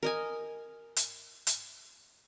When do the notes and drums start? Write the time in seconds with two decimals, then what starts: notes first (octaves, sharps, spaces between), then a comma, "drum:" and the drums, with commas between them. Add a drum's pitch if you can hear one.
0.03 A#4 D#5 G#5
0.96 drum: hi-hat
1.47 drum: hi-hat